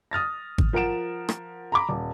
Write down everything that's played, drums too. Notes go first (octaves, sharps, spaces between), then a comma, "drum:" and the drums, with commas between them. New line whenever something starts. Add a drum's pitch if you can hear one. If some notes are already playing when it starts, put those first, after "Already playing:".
D#6 F6 A6 A#6
drum: kick G#1
F3 A#4 F#5 D7 E7
drum: rim click
A#5 B5 D6
D#1